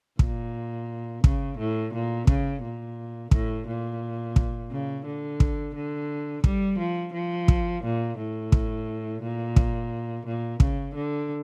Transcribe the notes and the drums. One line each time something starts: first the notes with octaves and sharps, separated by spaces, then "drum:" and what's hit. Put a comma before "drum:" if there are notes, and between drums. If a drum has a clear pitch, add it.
A#2, drum: kick
C#3, drum: kick
A2
A#2
C#3, drum: kick
A#2
A2, drum: kick
A#2
drum: kick
C#3
D3
drum: kick
D3
G3, drum: kick
F3
F3
drum: kick
A#2
A2
drum: kick
A#2
drum: kick
A#2
C#3, drum: kick
D3